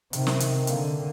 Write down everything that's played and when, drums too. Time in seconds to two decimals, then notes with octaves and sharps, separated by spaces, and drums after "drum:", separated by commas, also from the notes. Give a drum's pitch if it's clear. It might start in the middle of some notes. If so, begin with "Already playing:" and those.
0.13 C3 D#3, drum: hi-hat
0.27 drum: snare
0.40 D#3, drum: hi-hat
0.62 C4
0.67 D3 A#3, drum: hi-hat